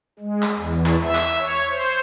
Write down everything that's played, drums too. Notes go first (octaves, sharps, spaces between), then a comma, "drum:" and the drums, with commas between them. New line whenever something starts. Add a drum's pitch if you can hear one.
G#3
drum: clap
E2
drum: clap
E5
drum: clap
C#5
C5